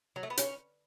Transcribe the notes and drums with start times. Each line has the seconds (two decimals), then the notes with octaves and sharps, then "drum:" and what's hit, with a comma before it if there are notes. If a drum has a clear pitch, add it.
0.16 F#3
0.23 A3
0.30 B3
0.37 C#4 C#5, drum: hi-hat